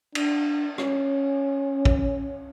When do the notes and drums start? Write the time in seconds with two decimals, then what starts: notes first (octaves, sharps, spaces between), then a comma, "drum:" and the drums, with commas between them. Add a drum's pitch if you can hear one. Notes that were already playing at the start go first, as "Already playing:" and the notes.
0.15 D4, drum: cymbal
0.78 C#4, drum: rim click
1.85 drum: kick